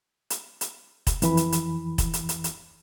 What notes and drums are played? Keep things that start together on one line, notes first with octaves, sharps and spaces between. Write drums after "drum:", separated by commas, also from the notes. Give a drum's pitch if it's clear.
drum: hi-hat
drum: hi-hat
drum: kick, hi-hat
F2 E3 B5, drum: hi-hat
drum: hi-hat
drum: hi-hat
drum: kick, hi-hat
drum: hi-hat
drum: hi-hat
drum: hi-hat